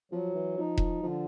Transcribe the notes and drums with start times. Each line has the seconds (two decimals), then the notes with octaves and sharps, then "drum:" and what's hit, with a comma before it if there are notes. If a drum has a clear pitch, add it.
0.12 F3 F#3
0.35 E3
0.57 F3 D#4
0.78 drum: kick E1
1.03 D3 F3